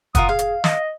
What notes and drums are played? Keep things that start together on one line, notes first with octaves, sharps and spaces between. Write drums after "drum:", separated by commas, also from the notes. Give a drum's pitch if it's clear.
F4 A#4 F#5 D#6, drum: kick, hi-hat
G#4 F5
drum: hi-hat
D#5, drum: snare